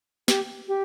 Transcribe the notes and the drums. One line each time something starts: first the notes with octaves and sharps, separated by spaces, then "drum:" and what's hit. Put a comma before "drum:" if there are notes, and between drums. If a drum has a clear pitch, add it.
G4, drum: snare
G4